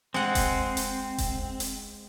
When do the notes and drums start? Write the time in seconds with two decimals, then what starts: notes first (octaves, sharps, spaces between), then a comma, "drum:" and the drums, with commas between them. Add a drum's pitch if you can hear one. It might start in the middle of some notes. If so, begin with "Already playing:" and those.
0.14 G#3 C4 F#5
0.35 drum: kick E1, hi-hat
0.77 drum: hi-hat
1.18 drum: kick E1, hi-hat
1.60 drum: hi-hat